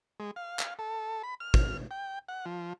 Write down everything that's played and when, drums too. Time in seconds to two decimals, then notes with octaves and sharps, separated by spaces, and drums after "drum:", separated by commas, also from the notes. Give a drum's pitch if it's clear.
0.20 G#3
0.36 F5
0.59 drum: clap
0.79 A4
1.23 B5
1.40 F6
1.54 drum: kick
1.91 G5
2.29 F#5
2.45 F3